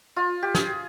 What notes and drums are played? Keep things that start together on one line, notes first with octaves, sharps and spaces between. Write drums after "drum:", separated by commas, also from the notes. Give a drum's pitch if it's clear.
F4
G4
G#4, drum: snare